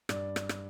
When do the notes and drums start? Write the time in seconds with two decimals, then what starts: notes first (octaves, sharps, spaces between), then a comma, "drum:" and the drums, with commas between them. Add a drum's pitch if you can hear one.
0.09 G2 D5, drum: rim click
0.36 drum: rim click
0.49 drum: rim click